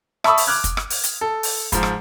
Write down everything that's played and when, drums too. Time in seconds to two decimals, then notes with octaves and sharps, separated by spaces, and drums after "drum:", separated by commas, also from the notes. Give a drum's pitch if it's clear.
0.24 E5 A5 B5 C#6 D#6 E6, drum: rim click
0.37 drum: open hi-hat
0.47 D6 F6 F#6 G#6
0.64 drum: kick, hi-hat
0.77 drum: rim click
0.90 drum: open hi-hat
1.04 drum: hi-hat
1.21 A4
1.43 drum: open hi-hat
1.72 G#2 F3, drum: kick, hi-hat
1.83 drum: rim click